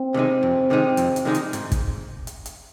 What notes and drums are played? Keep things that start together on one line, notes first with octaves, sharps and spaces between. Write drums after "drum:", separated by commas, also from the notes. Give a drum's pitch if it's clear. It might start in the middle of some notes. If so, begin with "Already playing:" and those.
Already playing: C4
C3 D#3 G#3 D#4
F2
C3 D#3 G#3 D#4
F2, drum: hi-hat
drum: hi-hat
C3 D#3 G#3 D#4
drum: hi-hat
G#2, drum: hi-hat
drum: kick, hi-hat
drum: hi-hat
drum: hi-hat